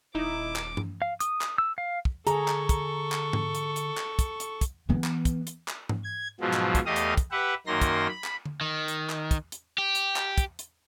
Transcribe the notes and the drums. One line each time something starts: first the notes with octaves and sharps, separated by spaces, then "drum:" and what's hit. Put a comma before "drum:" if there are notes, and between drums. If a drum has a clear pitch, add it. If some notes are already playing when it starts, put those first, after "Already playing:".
D#1 D#4 E4 D6
drum: clap
drum: tom G2
F5
D#6, drum: hi-hat
drum: clap
E6
F5
drum: kick
D3 G#4 A4 A#5 C#6, drum: hi-hat
drum: clap
drum: kick, hi-hat
drum: clap
drum: tom G#2
drum: hi-hat
drum: hi-hat
drum: clap
drum: kick, hi-hat
drum: hi-hat
drum: kick, hi-hat
E3 B3
drum: clap
drum: kick, hi-hat
drum: hi-hat
drum: clap
drum: tom G#2
G#6
G#2 B2 F3 F#3
drum: clap
drum: kick, hi-hat
E2 A3 G4 D#5 F5 D#6
drum: hi-hat
drum: kick, hi-hat
G4 B4 E5 F#5
F#2 D#3 A#3 C6 A#6
drum: kick, hi-hat
B5
drum: clap
drum: tom D3
D#3
drum: hi-hat
drum: clap
drum: kick, hi-hat
drum: hi-hat
G4
drum: hi-hat
drum: clap
drum: kick, hi-hat
drum: hi-hat